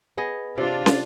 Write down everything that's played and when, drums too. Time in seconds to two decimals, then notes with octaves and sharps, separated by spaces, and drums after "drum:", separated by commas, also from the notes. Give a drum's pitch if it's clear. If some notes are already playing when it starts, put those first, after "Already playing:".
0.17 B3 G#4 D#5
0.58 C3 D4 F4
0.86 drum: snare